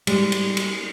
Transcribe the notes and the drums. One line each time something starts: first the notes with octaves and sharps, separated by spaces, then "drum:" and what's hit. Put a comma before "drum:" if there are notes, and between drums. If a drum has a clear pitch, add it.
G3 G#3, drum: cymbal
drum: cymbal
drum: cymbal